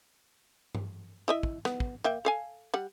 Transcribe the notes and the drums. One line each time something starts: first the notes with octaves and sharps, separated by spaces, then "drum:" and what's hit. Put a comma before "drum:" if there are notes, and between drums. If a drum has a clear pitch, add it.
drum: tom G2
E4 D#5 E5
drum: kick
B3, drum: snare
drum: kick
A#3 E5 G5
A4 F5 G#5
G3 F#5